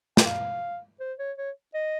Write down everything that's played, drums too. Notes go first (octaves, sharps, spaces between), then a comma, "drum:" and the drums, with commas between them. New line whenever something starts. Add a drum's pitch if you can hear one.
G5, drum: snare
F5
C5
C#5
C#5
D#5